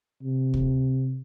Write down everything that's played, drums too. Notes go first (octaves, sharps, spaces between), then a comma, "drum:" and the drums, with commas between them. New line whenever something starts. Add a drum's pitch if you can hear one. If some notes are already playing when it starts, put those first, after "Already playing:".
C3
drum: kick